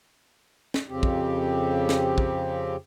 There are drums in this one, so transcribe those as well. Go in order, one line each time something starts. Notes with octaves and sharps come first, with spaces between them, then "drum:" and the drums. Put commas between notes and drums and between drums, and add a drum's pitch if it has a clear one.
drum: snare
F2 C#3 C4 G4
drum: kick
drum: snare
drum: kick